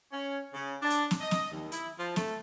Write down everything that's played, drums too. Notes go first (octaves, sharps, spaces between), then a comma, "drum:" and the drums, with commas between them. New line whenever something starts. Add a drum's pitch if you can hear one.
C#4
C#3
D4
drum: hi-hat
drum: snare
D#5
drum: snare
D#2
E4, drum: hi-hat
F3
A3, drum: snare